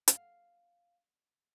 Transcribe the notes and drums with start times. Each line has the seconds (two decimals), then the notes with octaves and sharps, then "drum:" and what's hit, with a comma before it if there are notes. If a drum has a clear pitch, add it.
0.08 F5, drum: hi-hat